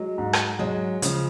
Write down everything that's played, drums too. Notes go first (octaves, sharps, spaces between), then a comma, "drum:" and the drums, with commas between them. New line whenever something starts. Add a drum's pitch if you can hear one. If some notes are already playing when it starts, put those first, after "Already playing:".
Already playing: F#3 G#3
G#2
drum: rim click
F#3 G#3
C#3 F3, drum: hi-hat